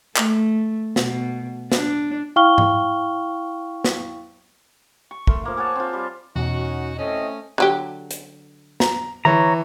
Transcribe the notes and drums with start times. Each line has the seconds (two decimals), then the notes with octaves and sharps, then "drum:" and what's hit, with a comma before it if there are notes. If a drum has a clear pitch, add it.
0.16 A3, drum: clap
0.96 B2, drum: snare
1.72 D4, drum: snare
2.36 E4 F5 G5 C#6 F6 G7
2.58 drum: tom G#2
3.84 drum: snare
5.11 C#6
5.27 A3 A#4 C6, drum: kick
5.43 F3 A#3 F5
5.57 G#4 C#5 F#5 A5
5.76 C4 F4
5.93 G3
6.36 E2 B2 C#4 D#4 F#4
6.97 A2 A3 C4 C#4 D#5
7.58 D3 F#3 G4
8.11 drum: hi-hat
8.80 A#5, drum: snare
9.25 E3 C#5 A#5